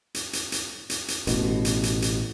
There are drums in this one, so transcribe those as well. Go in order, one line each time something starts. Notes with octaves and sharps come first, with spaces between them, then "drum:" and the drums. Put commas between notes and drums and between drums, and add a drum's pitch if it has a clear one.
drum: hi-hat
drum: hi-hat
drum: hi-hat
drum: hi-hat
drum: hi-hat
A1 B2, drum: hi-hat
drum: hi-hat
drum: hi-hat
drum: hi-hat